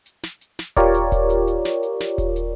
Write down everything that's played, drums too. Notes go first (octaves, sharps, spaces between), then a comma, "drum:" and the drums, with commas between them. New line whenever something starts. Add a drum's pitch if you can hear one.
drum: hi-hat
drum: snare
drum: hi-hat
drum: snare
F4 G4 A#4 C#5 D5, drum: kick D#1, hi-hat
drum: hi-hat
drum: kick D#1, hi-hat
drum: hi-hat
drum: hi-hat
drum: snare
drum: hi-hat
drum: snare
drum: kick D#1, hi-hat
drum: hi-hat